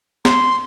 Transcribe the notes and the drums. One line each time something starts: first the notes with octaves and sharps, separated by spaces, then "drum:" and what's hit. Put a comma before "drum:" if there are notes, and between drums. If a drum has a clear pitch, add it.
C6, drum: snare